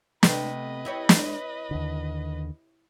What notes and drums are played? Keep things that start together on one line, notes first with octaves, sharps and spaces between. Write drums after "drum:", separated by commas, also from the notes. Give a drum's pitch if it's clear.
C3 A3 B3 B4 D#5, drum: snare
E4 G4 C#5
drum: snare
D#2 D3